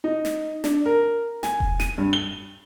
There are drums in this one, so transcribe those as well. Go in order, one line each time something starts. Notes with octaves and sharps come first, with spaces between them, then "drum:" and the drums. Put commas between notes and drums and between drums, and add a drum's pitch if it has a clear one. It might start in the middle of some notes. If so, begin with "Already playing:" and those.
D#4
drum: snare
D4, drum: snare
A#4
G#5, drum: snare
drum: kick E1
D#7, drum: snare
G2
G7